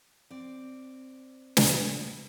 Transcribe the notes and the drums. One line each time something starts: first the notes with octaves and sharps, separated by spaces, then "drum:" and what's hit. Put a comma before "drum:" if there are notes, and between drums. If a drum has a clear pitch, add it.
C4 D5
drum: snare